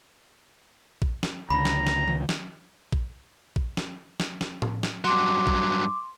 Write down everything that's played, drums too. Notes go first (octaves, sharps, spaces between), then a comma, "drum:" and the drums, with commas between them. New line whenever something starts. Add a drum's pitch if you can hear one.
drum: kick A#1
drum: snare
C#2 D3 A#5 B5
drum: snare
drum: snare
drum: tom D#3
drum: snare
drum: kick A#1
drum: kick A#1
drum: snare
drum: snare
drum: snare
drum: tom A2
drum: snare
G2 F#3 C6 D6
drum: kick A#1